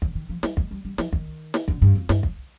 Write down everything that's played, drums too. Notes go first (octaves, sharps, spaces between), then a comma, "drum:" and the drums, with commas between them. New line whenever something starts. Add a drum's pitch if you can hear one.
D3, drum: kick
D#3
F3
G3, drum: snare
G#3, drum: kick
G3
G3
F3, drum: snare
D#3, drum: kick
drum: snare
D3, drum: kick
G2
F2
G2, drum: snare
drum: kick